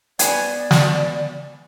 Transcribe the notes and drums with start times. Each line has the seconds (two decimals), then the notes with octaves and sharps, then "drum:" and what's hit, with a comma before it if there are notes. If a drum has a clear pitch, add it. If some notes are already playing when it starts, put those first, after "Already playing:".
0.19 B3 B4 D5 G#5, drum: hi-hat
0.71 drum: snare